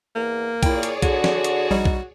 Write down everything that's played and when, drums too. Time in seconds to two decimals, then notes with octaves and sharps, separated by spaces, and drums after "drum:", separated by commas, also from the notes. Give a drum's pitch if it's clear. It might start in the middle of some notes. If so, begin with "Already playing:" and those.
0.15 E2 A#3
0.63 A#2 E4 G#4 C#5 D5 G5, drum: kick B1, hi-hat
0.83 drum: hi-hat
1.02 D3 F#4, drum: kick B1, hi-hat
1.24 drum: snare
1.44 drum: hi-hat
1.70 A#1 G3 D#4
1.85 drum: kick B1